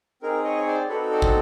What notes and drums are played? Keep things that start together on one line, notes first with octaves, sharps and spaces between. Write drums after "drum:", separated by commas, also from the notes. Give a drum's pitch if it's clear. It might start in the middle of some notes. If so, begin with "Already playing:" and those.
C4 D#4 G#4 A#4
C#5 D#5
C#5
C5 D5
C4 D#4 F#4 A4 B4 C#5
C5 D5
drum: kick